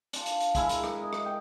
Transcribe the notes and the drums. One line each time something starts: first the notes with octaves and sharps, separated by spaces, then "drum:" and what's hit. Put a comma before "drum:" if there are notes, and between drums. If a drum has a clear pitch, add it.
D4 F4, drum: hi-hat
drum: hi-hat
drum: hi-hat
G#3 E4 A#4 E5, drum: kick, hi-hat
drum: hi-hat
drum: rim click
D#5
drum: rim click
G5